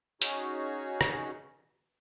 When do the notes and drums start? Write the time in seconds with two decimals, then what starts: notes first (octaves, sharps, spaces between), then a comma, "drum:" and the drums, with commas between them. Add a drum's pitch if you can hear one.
0.22 C#4 D#4 F#4 G#4 C#5, drum: hi-hat
1.01 drum: rim click